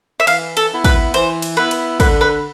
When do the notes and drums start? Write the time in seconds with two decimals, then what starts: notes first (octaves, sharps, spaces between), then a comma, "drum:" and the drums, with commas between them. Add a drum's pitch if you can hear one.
0.20 E5
0.27 E3 F5, drum: cymbal
0.57 A4, drum: cymbal
0.70 B3 E4
0.84 B4, drum: kick, cymbal
1.14 E3 C5, drum: cymbal
1.42 drum: cymbal
1.57 B3 E4 B4
1.71 drum: cymbal
2.00 D3 B4, drum: kick, cymbal
2.21 B4